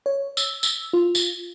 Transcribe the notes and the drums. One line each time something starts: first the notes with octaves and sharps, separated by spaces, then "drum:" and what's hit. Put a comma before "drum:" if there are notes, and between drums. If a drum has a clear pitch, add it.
C#5
E6, drum: tambourine
drum: tambourine
F4
drum: tambourine